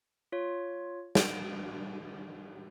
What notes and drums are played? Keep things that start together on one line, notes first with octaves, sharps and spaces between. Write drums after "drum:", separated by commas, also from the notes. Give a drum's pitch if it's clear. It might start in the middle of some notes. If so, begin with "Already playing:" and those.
F4 C#5
D7, drum: snare